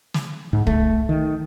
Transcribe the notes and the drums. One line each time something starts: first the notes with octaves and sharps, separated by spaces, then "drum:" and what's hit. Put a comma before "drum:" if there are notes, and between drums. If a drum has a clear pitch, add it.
drum: snare
G#2
A3, drum: kick
D#3